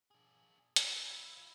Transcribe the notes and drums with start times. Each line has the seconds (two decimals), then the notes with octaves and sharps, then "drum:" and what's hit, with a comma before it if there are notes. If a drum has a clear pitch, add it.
0.11 D4 G#4
0.76 E4 F4 E6 G#6, drum: hi-hat